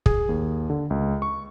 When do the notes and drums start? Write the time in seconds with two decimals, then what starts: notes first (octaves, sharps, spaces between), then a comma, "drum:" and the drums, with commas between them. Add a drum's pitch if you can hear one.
0.06 G#4, drum: kick
0.29 D#2
0.70 D3
0.90 C#2
1.22 C#6